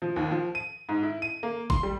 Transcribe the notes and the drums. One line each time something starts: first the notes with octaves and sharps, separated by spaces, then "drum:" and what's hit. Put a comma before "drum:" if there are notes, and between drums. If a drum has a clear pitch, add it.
F3
D#2
F3
D#7
G#2
E4
D#7
A#3
C6, drum: kick G1
G3